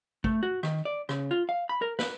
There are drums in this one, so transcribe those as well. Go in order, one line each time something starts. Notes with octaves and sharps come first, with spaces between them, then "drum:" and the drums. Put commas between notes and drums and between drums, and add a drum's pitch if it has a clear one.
A3, drum: kick
F#4
D#3, drum: rim click
D5
C#3, drum: rim click
F4
F5
B5
A#4
B4, drum: snare